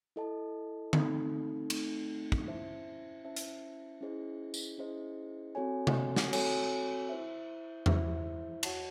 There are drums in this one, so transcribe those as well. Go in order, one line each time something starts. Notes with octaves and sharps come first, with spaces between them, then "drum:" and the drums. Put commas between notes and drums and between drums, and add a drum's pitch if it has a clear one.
E4 A4 D#5 A5
A3 C4 D#4 A4, drum: tom D3
A3 C4 D#4 A4, drum: cymbal
drum: kick
C#4 E4 C5 E5 A5
C#4 E4 C5 E5 A5
drum: hi-hat
C#4 E4 G#4 C5 D#5
drum: tambourine
C#4 E4 G#4 C5 D#5
C4 F#4 A4 C#5 G#5
drum: tom C3
drum: snare
C4 F#4 A4 C#5 G#5, drum: cymbal
E4 C5 E5
E4 C5 E5, drum: tom E2
F#4 C#5 F#5 A5, drum: cymbal